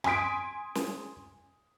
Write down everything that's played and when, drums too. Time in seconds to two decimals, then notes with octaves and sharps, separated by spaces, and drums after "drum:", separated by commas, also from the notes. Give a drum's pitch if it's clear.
0.04 G#5 C6 D#6 B6 D7, drum: rim click
0.75 drum: snare